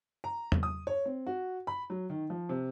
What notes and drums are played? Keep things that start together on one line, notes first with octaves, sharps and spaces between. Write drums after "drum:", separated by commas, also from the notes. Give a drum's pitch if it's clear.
A#5
drum: tom E2
D#6
C#5
C4
F#4
B5
F#3
D#3
F3
C3